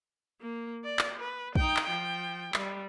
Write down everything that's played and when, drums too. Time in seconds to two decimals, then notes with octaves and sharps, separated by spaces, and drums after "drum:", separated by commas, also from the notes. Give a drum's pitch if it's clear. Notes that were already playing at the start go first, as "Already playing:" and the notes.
0.41 A#3
0.84 D5
0.99 drum: clap
1.19 B4
1.55 D#4 G5, drum: kick
1.77 drum: clap
1.87 F3 G5
2.54 G3, drum: clap